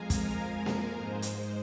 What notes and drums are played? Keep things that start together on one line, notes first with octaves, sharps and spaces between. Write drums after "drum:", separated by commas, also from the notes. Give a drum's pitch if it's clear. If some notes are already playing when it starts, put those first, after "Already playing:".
Already playing: F2 F3 G#3 F5 G#5 A#5
A#4, drum: kick, hi-hat
drum: snare A#3
G#2 G#3 C5
drum: hi-hat